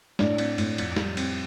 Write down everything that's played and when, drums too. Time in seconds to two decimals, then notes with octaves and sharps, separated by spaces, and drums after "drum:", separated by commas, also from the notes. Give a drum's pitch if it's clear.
0.19 A2 D4 D5, drum: snare
0.38 C4, drum: cymbal
0.58 A2, drum: cymbal
0.78 F2, drum: cymbal
0.96 G3, drum: snare
1.17 C4, drum: cymbal